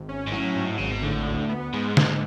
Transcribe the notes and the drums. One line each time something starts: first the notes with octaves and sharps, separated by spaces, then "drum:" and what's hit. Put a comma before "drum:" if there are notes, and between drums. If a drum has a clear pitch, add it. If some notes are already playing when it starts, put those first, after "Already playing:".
Already playing: G#1
C#4
G#2
A2 F#3
G#2
G#1 C#3
B2
A2 D3
D2
B3
G#2 G#3
D3, drum: snare